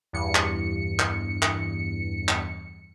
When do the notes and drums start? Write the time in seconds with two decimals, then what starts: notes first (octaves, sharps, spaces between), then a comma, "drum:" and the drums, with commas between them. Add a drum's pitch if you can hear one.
0.13 E2 G2 C#7
0.35 drum: clap
0.99 drum: clap
1.42 drum: clap
2.28 drum: clap